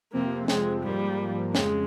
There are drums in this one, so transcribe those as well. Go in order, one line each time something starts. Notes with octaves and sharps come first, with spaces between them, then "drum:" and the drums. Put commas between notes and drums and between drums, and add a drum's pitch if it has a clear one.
F2 C3 F3 A#3 C4
G#3, drum: snare
G#2 F3 G3 A#3
F2 C#3 G#3, drum: snare